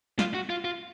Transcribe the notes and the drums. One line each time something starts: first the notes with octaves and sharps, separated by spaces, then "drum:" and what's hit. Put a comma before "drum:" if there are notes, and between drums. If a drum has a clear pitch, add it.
F4, drum: snare
F#4
F4
F4